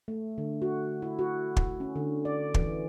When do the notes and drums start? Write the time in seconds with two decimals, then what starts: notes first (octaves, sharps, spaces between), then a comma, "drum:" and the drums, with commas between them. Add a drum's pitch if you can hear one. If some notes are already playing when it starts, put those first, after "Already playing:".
0.08 A3
0.38 D3
0.62 F#4
1.02 E4
1.19 F#4
1.57 drum: kick
1.80 C#4
1.96 D3
2.25 D5
2.54 E3, drum: kick